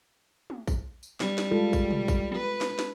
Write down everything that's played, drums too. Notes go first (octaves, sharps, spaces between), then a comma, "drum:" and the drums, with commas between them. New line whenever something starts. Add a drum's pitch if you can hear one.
drum: tom
drum: kick, tambourine
drum: tambourine
G3, drum: snare
drum: snare
G#3 F4 A4
drum: kick, tambourine
drum: tom
drum: kick, tambourine
B4
drum: snare
drum: snare